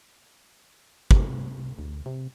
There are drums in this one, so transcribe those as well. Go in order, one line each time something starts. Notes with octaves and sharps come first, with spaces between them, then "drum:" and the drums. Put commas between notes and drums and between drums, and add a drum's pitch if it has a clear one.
C3, drum: kick
D2
C3